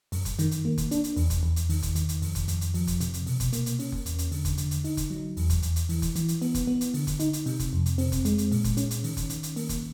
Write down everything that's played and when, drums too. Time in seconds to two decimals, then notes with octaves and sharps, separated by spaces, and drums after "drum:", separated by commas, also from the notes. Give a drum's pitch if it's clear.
0.12 F#2, drum: open hi-hat
0.25 drum: kick F1, hi-hat
0.39 D#3, drum: hi-hat
0.51 drum: hi-hat
0.65 A#3
0.78 drum: kick F1, hi-hat
0.91 D4, drum: hi-hat
1.04 drum: hi-hat
1.16 E2, drum: open hi-hat
1.30 drum: kick F1, hi-hat
1.43 E2
1.56 drum: hi-hat
1.69 D#3, drum: open hi-hat
1.82 drum: kick F1, hi-hat
1.95 D#3, drum: hi-hat
2.09 drum: hi-hat
2.22 F2, drum: open hi-hat
2.35 drum: kick F1, hi-hat
2.48 F2, drum: hi-hat
2.61 drum: hi-hat
2.74 F3, drum: open hi-hat
2.87 drum: kick F1, hi-hat
3.00 C3, drum: hi-hat
3.14 drum: hi-hat
3.27 B2, drum: open hi-hat
3.40 drum: kick F1, hi-hat
3.53 A#3, drum: hi-hat
3.66 drum: hi-hat
3.79 C#4, drum: open hi-hat
3.92 drum: kick F1
4.06 E2, drum: hi-hat
4.18 drum: hi-hat
4.32 D3, drum: open hi-hat
4.45 drum: kick F1, hi-hat
4.58 D3, drum: hi-hat
4.71 drum: hi-hat
4.84 D#4, drum: open hi-hat
4.97 drum: kick F1, hi-hat
5.10 F#3
5.37 E2, drum: open hi-hat
5.50 drum: kick F1, hi-hat
5.62 E2, drum: hi-hat
5.76 drum: hi-hat
5.89 E3, drum: open hi-hat
6.02 drum: kick F1, hi-hat
6.15 E3, drum: hi-hat
6.28 drum: hi-hat
6.42 B3, drum: open hi-hat
6.55 drum: kick F1, hi-hat
6.67 B3
6.81 drum: hi-hat
6.94 D3, drum: open hi-hat
7.07 drum: kick F1, hi-hat
7.20 D#4, drum: hi-hat
7.33 drum: hi-hat
7.46 C3, drum: open hi-hat
7.59 drum: kick F1, hi-hat
7.73 F2
7.86 drum: hi-hat
7.98 C4, drum: open hi-hat
8.12 drum: kick F1, hi-hat
8.25 G#3, drum: hi-hat
8.38 drum: hi-hat
8.52 A#2, drum: open hi-hat
8.64 drum: kick F1, hi-hat
8.77 C#4, drum: hi-hat
8.91 drum: hi-hat
9.04 D#3, drum: open hi-hat
9.17 drum: kick F1, hi-hat
9.30 D#3, drum: hi-hat
9.43 drum: hi-hat
9.56 A#3, drum: open hi-hat
9.69 drum: kick F1, hi-hat